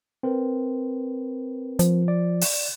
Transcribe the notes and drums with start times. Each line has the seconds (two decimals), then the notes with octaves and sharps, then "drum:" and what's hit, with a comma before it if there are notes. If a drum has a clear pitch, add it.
0.23 C4 A#4 B4
1.79 F3, drum: hi-hat
2.08 D5
2.41 drum: open hi-hat